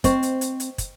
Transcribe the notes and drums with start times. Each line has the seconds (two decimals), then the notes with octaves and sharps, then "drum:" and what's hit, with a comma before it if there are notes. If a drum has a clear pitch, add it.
0.04 C4 C5 D#5 C#6, drum: kick, hi-hat
0.23 drum: hi-hat
0.41 drum: hi-hat
0.60 drum: hi-hat
0.78 drum: kick, hi-hat